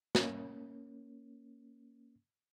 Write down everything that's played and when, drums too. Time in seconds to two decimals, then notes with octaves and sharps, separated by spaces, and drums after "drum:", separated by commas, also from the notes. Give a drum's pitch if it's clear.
0.15 A#3 C#4, drum: snare